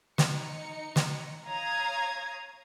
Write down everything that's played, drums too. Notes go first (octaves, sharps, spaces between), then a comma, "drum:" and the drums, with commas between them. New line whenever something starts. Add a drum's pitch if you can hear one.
D#4 C#7, drum: snare
drum: snare
C#5 F5 A#5 D#6 G#6